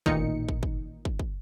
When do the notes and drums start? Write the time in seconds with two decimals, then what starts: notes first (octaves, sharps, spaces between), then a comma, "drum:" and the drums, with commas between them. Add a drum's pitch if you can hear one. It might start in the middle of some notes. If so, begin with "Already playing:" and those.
0.06 A1 A#2 D#3 D#4 C#7, drum: kick
0.49 drum: kick
0.63 drum: kick
1.05 drum: kick
1.19 drum: kick